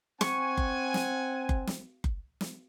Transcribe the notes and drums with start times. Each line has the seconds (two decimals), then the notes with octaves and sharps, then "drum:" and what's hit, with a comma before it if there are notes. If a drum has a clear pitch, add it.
0.21 C4 F#5 G#5 C#6, drum: snare
0.57 drum: kick F#1
0.94 drum: snare
1.49 drum: kick F#1
1.67 drum: snare
2.04 drum: kick F#1
2.41 drum: snare